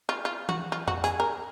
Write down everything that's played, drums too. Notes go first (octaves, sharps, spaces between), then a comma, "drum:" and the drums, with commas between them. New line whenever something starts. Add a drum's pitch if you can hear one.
F4
F4
F#4, drum: tom
F4
F#4, drum: tom F2
G#4, drum: hi-hat
A#4